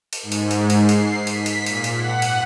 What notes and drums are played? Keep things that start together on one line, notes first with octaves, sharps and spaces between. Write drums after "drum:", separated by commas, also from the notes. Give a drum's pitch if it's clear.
drum: cymbal
G#2
drum: cymbal
drum: cymbal
drum: cymbal
C7
drum: cymbal
B6, drum: cymbal
drum: cymbal
A#2, drum: cymbal
drum: cymbal
F#5
drum: cymbal